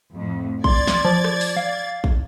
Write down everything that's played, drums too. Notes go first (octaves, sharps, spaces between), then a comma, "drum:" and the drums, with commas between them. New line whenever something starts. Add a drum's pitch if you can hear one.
F2 A2
D5 C6 G#6 A6, drum: kick
drum: snare
F3
drum: rim click
drum: open hi-hat
F5
drum: kick